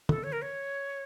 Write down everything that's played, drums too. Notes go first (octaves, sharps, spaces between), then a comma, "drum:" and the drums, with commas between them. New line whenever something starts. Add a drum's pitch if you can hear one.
A4, drum: tom
C#5
A#4
C#5